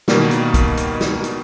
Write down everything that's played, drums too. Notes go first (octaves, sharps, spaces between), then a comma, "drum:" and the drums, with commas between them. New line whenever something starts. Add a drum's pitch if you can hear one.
B2 D#3 G3 A#3 B3, drum: snare
drum: hi-hat
drum: kick, hi-hat
drum: hi-hat
drum: snare
drum: hi-hat